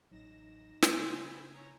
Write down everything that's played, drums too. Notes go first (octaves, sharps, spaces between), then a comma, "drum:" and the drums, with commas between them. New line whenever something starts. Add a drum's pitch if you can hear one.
A1 F#3 D#4 A#6 E7
drum: snare
C#3 C4 G5 C6
C4 G#4 B5 G#6
C#4 C#5 A#5